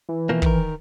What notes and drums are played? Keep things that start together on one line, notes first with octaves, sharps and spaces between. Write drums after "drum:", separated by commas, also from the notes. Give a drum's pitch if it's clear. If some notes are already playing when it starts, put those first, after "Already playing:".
E3
B2 F3 A#3
D#3 A#4, drum: kick